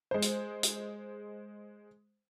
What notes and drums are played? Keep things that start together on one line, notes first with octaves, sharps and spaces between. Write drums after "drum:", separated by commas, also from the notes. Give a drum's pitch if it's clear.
G#3 C5
drum: hi-hat
drum: hi-hat